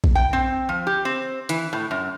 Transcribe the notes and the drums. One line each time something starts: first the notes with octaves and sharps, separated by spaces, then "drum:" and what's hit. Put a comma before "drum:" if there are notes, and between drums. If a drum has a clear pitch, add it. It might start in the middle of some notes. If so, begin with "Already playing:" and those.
drum: kick A#1
G5
C4
F3
G4
C4
E3, drum: hi-hat
A2
F#2